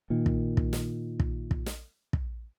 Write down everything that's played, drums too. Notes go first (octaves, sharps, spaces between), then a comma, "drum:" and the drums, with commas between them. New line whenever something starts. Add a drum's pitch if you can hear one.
A#2 D#3
drum: kick
drum: kick
drum: snare
drum: kick
drum: kick
drum: snare
drum: kick